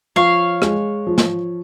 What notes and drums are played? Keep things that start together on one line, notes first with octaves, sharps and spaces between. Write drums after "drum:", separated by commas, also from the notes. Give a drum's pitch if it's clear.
F3 C#5 F5
G#3, drum: rim click
F3
drum: snare